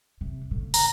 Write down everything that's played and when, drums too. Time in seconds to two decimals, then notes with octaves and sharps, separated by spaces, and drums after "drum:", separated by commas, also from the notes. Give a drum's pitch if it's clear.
0.21 C3
0.51 A2 C#3
0.74 A#5, drum: open hi-hat